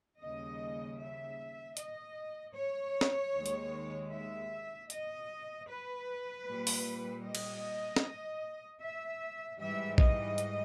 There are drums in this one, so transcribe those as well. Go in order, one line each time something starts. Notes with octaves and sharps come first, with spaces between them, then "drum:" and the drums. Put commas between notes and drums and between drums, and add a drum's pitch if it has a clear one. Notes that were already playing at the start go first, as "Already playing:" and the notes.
D#2 C#3 G3 D#5
E5
D#5, drum: hi-hat
C#5
drum: snare
D#2 D#3 G#3
drum: hi-hat
E5
D#5, drum: hi-hat
B4
A#2 G3
drum: open hi-hat
D#5
drum: cymbal
drum: snare
E5
G#2 E3 G3 E5
D#5, drum: kick
drum: hi-hat